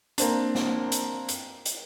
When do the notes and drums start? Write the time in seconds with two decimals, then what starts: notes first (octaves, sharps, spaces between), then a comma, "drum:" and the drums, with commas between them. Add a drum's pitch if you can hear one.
0.18 A#3 C4 D4, drum: hi-hat
0.55 drum: snare
0.92 drum: hi-hat
1.29 drum: hi-hat
1.66 drum: hi-hat